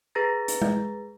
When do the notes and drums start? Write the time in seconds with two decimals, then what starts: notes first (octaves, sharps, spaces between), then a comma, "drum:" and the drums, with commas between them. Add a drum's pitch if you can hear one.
0.15 G#4 B4 A#5 A6 A#6
0.48 drum: hi-hat
0.62 drum: tom G#3